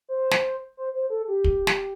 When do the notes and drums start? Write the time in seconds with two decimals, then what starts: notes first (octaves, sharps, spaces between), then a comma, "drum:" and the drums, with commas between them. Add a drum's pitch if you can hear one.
0.09 C5
0.31 drum: snare
0.77 C5
0.94 C5
1.10 A4
1.28 G4
1.44 drum: kick
1.67 drum: snare